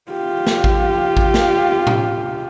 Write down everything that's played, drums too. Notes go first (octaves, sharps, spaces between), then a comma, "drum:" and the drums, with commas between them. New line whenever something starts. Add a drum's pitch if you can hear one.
F4 G4
drum: snare
drum: kick A1
drum: kick A1
drum: snare
drum: tom A2